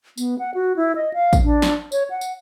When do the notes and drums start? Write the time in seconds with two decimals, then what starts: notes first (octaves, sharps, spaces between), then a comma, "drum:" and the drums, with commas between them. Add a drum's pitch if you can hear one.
0.18 B3, drum: tambourine
0.39 F#5
0.55 F#4
0.76 E4
0.96 D#5
1.14 F5
1.33 drum: kick A1, tambourine
1.44 D4
1.62 drum: snare
1.92 C#5, drum: tambourine
2.10 F#5
2.21 drum: tambourine